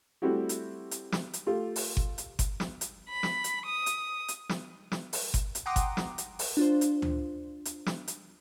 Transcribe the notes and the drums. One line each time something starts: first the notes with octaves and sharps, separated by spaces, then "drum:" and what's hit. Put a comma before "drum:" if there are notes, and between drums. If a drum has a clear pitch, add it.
G3 A3 C4 E4 F#4 G4
drum: hi-hat
drum: hi-hat
drum: snare
drum: hi-hat
A3 F4 G4
drum: open hi-hat
drum: kick G1
drum: hi-hat
drum: kick G1, hi-hat
drum: snare
drum: hi-hat
B5
drum: snare
drum: hi-hat
D#6
drum: hi-hat
drum: hi-hat
drum: snare
drum: snare
drum: open hi-hat
drum: kick G1, hi-hat
drum: hi-hat
F#5 G5 A#5 C6 D6 D#6
drum: kick G1, hi-hat
drum: snare
drum: hi-hat
drum: open hi-hat
D4 F4 C5
drum: hi-hat
drum: tom D2
drum: hi-hat
drum: snare
drum: hi-hat